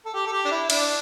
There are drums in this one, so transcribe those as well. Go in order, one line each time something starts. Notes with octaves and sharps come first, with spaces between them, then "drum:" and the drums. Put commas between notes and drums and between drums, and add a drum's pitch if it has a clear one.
A4
G4
A4
G4
D4
E4
D4, drum: cymbal